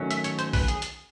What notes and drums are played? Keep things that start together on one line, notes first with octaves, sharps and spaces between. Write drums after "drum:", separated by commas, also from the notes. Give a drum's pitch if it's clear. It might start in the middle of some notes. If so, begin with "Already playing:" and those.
Already playing: D#3 F#3 A3 C#4
E5, drum: hi-hat
C#5, drum: hi-hat
C5, drum: hi-hat
B4, drum: kick A#1, open hi-hat
G#4, drum: hi-hat
drum: hi-hat